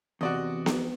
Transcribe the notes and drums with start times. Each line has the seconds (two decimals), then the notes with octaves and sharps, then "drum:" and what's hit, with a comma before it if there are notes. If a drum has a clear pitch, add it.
0.21 E2 C3 F#4 D5 D#5
0.66 drum: snare B3